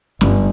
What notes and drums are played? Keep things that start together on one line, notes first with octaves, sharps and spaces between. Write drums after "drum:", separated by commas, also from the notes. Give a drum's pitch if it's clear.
G1, drum: snare